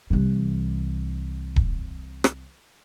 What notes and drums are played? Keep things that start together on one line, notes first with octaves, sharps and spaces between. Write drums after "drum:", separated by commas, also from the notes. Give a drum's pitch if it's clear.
C2 E3
drum: kick D#1
drum: rim click